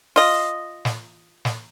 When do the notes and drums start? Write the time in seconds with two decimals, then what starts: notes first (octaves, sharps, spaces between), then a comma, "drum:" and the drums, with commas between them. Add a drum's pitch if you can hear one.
0.16 F4 D#5, drum: open hi-hat
0.85 drum: snare
1.45 drum: snare